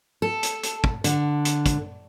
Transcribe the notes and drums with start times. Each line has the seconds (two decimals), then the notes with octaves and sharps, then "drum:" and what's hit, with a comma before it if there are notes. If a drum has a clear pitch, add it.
0.22 A4
0.43 drum: hi-hat
0.63 drum: hi-hat
0.84 drum: kick
1.04 D3, drum: hi-hat
1.45 drum: hi-hat
1.66 drum: kick, hi-hat